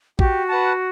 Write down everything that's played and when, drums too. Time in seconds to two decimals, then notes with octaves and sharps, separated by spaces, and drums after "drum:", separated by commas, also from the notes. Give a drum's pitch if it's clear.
0.19 F#4 G4, drum: kick
0.49 B4 F#5 A5